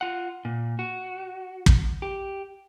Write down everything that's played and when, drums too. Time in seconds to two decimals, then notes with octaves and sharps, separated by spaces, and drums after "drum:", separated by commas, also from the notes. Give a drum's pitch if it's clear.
0.01 F4 F#5
0.45 A#2
0.79 F#4
1.66 drum: kick
2.02 G4